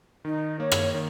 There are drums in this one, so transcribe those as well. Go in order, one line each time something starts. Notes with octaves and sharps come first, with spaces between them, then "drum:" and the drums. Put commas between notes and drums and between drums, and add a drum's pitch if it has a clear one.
D#3 D#4
A#3 C#5
drum: rim click
D#3